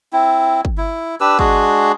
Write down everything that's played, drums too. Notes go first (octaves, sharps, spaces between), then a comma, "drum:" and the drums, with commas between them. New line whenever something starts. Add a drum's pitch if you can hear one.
C4 E4
drum: kick
E4
D4 G4 B4 E6
G#3 D4 F#4 G#4, drum: kick